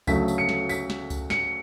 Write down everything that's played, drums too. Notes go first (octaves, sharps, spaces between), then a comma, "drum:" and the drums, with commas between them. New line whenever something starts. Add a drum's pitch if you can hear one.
D2 C#3 F#3 A3 B6, drum: kick C#2, tambourine
drum: tambourine
C#7
drum: snare
B6, drum: tambourine
drum: snare
drum: kick C#2, tambourine
C#7, drum: snare